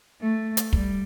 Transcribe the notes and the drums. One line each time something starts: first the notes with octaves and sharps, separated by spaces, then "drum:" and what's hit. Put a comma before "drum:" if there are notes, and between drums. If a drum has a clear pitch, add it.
A3
drum: hi-hat
G3, drum: kick